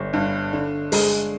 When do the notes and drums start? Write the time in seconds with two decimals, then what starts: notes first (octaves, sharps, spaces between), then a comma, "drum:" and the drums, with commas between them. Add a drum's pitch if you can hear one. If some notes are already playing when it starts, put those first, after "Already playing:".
Already playing: G1 D3 G3
0.13 G2
0.53 D3
0.92 G#3, drum: open hi-hat